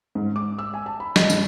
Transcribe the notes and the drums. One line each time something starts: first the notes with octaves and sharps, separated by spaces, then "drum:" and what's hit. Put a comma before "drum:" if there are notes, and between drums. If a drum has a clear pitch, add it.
G#2
D6
E6
G#5
A5
B5
D#5, drum: snare
G2, drum: tambourine